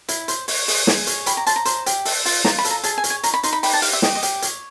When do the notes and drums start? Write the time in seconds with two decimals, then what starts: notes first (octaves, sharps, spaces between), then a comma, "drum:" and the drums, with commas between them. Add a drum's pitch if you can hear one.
0.08 E4, drum: hi-hat
0.28 C5, drum: hi-hat
0.48 C#5, drum: open hi-hat
0.68 G#4, drum: open hi-hat
0.87 G#4, drum: snare
1.07 C#5, drum: hi-hat
1.26 G4 B5, drum: hi-hat
1.37 A#5
1.46 C5 A5, drum: hi-hat
1.56 A#5
1.65 C5, drum: hi-hat
1.86 G4, drum: hi-hat
2.05 A4, drum: open hi-hat
2.25 F4, drum: open hi-hat
2.44 F4 A#5, drum: snare
2.58 B5
2.65 A4, drum: hi-hat
2.70 A#5
2.83 G#4 A5, drum: hi-hat
2.98 G#5
3.04 C#5, drum: hi-hat
3.10 G#5
3.23 D#4 A#5, drum: hi-hat
3.34 B5
3.43 D#4 C6, drum: hi-hat
3.53 B5
3.63 G4 B5, drum: open hi-hat
3.73 A5
3.82 G4 F5, drum: open hi-hat
3.93 E5
4.02 G4 D#5, drum: snare
4.15 D#5
4.23 G4, drum: hi-hat
4.42 C#5, drum: hi-hat